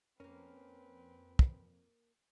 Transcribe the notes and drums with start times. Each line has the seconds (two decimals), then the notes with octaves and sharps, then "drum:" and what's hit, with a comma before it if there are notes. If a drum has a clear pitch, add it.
0.20 F2 A#3 C4 C#4 A#4 B4
1.39 drum: kick